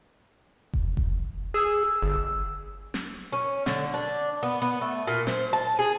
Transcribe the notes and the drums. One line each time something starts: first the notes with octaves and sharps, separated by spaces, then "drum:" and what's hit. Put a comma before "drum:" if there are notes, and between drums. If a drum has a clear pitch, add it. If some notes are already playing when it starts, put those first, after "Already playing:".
drum: kick F1
drum: kick F1
G#4 E6
G1
drum: snare
C#4
D3, drum: snare
D4
B3
B3
A3
A#2
C5, drum: snare
A5
G#4